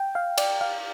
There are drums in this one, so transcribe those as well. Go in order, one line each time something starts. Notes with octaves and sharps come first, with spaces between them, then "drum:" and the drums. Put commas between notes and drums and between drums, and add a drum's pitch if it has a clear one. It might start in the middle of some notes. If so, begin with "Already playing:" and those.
Already playing: G5
F5
D5, drum: cymbal
F5